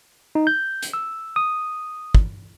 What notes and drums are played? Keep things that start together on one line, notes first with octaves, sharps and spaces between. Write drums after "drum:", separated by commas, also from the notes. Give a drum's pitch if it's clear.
D#4
G6
drum: hi-hat
E6
D#6
drum: kick